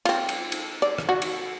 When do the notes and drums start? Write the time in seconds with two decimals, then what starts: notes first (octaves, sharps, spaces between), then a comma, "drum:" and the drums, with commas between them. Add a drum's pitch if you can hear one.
0.05 C4 F4, drum: cymbal
0.29 drum: cymbal
0.52 drum: cymbal
0.82 D5
0.98 drum: rim click
1.09 F#4
1.22 drum: cymbal